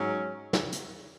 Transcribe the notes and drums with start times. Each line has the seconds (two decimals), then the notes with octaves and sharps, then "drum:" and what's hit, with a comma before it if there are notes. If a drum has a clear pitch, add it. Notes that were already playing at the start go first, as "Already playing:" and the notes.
Already playing: G#2 F#3 C#4
0.53 drum: snare
0.72 drum: hi-hat